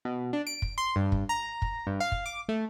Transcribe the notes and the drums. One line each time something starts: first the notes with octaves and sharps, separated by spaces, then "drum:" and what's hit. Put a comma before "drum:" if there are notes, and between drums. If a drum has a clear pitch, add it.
B2
D4
D7
drum: kick
C6
G2
drum: kick
A#5
drum: kick
G2
F5
drum: kick
D6
A3